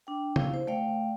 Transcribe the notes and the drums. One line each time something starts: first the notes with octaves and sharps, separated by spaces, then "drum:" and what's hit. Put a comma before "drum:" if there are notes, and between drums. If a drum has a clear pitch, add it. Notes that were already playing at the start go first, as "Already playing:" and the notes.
D4 G5
E4 F5, drum: tom C#3
C5
A3 D5 F5 G5